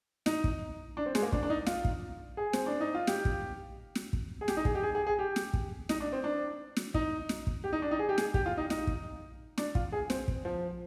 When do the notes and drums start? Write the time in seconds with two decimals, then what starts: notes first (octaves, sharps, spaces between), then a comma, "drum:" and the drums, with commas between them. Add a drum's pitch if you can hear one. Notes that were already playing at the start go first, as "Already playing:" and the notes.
0.26 D#4, drum: snare
0.44 drum: kick
0.97 D4
1.06 C4
1.15 G#3, drum: snare
1.23 A#3
1.32 D4, drum: kick
1.43 D4
1.50 D#4
1.66 F4, drum: snare
1.85 drum: kick
2.37 G#4
2.53 C4, drum: snare
2.66 D4
2.80 D#4
2.95 F4
3.07 G4, drum: snare
3.25 drum: kick
3.95 drum: snare
4.13 drum: kick
4.41 G#4
4.48 G4, drum: snare
4.57 D#4
4.65 G#4, drum: kick
4.75 G4
4.83 G#4
4.95 G#4
5.07 G#4
5.19 G4
5.36 drum: snare
5.54 drum: kick
5.89 D#4, drum: snare
6.00 D4
6.13 C4
6.24 D4
6.76 drum: snare
6.94 D#4, drum: kick
7.29 drum: snare
7.47 drum: kick
7.64 G4
7.73 D#4
7.82 D4
7.91 D#4
7.99 G#4
8.09 G4
8.18 G#4, drum: snare
8.34 G4, drum: kick
8.46 F4
8.57 D#4
8.70 D#4, drum: snare
8.87 drum: kick
9.58 D4, drum: snare
9.75 F4, drum: kick
9.92 G#4
10.10 C4, drum: snare
10.28 drum: kick
10.45 F3